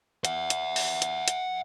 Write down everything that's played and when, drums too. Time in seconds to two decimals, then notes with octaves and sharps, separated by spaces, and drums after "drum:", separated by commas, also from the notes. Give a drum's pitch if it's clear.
0.25 E5 F#5, drum: hi-hat
0.50 drum: hi-hat
0.76 drum: open hi-hat
1.02 drum: hi-hat
1.28 drum: hi-hat